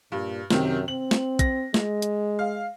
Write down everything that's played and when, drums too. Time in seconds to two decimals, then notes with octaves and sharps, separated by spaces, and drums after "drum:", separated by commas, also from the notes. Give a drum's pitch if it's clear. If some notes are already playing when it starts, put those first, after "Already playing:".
0.12 G2 A#2
0.50 F#2 C3 D#3, drum: snare
0.88 C4 F#7
1.11 drum: snare
1.39 A#6, drum: kick, hi-hat
1.74 G#3, drum: snare
2.02 drum: hi-hat
2.39 F5